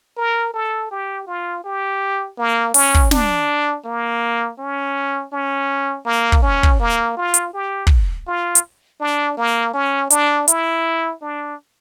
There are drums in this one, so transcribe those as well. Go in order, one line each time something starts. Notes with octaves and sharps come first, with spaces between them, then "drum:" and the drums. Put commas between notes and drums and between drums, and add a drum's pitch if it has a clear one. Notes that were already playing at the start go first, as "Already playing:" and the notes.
A#4
A4
G4
F4
G4
A#3
C#4, drum: open hi-hat
drum: kick
D4, drum: snare
A#3
C#4
C#4
A#3
drum: kick
C#4
drum: kick
A#3
F4
drum: hi-hat
G4
drum: kick
F4
drum: hi-hat
D4
A#3
C#4
D4, drum: hi-hat
E4, drum: hi-hat
D4